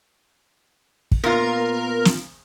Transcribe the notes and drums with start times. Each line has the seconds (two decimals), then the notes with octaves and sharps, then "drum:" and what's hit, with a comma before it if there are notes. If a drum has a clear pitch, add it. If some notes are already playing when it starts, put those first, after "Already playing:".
1.12 drum: kick
1.24 A#2 B3 F4 A#4
2.05 drum: snare